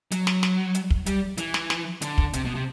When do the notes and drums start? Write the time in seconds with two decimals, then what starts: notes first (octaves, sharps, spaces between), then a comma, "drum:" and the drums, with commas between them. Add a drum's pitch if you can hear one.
0.12 F#3, drum: hi-hat
0.27 drum: snare
0.43 drum: snare
0.75 drum: hi-hat
0.90 drum: kick
1.06 G3, drum: hi-hat
1.38 E3, drum: hi-hat
1.54 drum: snare
1.70 drum: snare
2.02 D3, drum: hi-hat
2.18 drum: kick
2.33 C3, drum: hi-hat
2.45 B2
2.55 C3